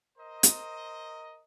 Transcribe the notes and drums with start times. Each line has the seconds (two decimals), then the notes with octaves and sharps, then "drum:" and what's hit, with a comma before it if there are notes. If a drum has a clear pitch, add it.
0.18 A#4 C5 D#5
0.43 drum: hi-hat